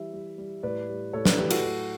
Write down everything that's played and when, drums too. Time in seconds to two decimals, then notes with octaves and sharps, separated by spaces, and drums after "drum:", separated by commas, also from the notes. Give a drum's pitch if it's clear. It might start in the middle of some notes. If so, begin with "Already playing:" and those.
Already playing: E3 G3 E4 E5
0.13 G3
0.38 G3
0.63 A2 B4 D5
0.89 G3
1.13 A2 A4 C#5
1.25 B4 D5, drum: snare
1.38 A2 G4 B4
1.50 F#4 A4, drum: cymbal
1.64 F#3